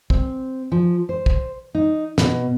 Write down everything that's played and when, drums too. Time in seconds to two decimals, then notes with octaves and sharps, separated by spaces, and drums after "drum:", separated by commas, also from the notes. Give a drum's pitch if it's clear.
0.10 C4, drum: kick
0.72 F3
1.09 C5
1.26 drum: kick
1.75 D#4
2.18 B2, drum: snare